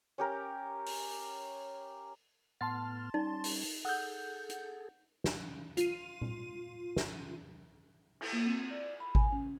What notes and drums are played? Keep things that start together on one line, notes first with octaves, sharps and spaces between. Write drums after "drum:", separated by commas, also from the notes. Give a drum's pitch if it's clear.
C#4 G4 A#4
drum: open hi-hat
A2 B3 A5 C6 F6 A6
G3 C#4 D#4
drum: open hi-hat
G#4 A4 F#5 G6
drum: hi-hat
drum: snare
F4 D#7, drum: hi-hat
drum: tom A#2
drum: snare
drum: cymbal
A#3
C4
D5
B5
G#5, drum: kick G#1
C#4